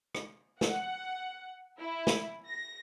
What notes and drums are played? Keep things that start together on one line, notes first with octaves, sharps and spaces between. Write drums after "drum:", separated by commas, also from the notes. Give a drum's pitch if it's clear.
drum: rim click
F#5, drum: snare
E4
drum: snare
A#6